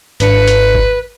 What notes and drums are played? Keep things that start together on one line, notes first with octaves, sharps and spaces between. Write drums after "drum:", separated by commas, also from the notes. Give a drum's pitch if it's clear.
G#1 D4 B4 C#7, drum: hi-hat
drum: hi-hat
drum: kick G1